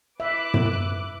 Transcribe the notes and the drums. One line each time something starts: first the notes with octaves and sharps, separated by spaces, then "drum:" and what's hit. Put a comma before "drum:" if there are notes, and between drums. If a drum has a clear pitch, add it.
B4 E5 D6 F#6
drum: tom